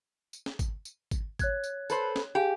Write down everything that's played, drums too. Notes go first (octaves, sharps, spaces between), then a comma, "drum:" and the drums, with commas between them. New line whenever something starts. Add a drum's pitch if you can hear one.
drum: tambourine
drum: snare
drum: kick G#1, tambourine
drum: tambourine
drum: kick G#1, tambourine
C#5 F#6 G#6, drum: kick G#1, tambourine
drum: tambourine
A4 B4 C5, drum: tambourine
drum: snare
G4 G#4 F5 G#5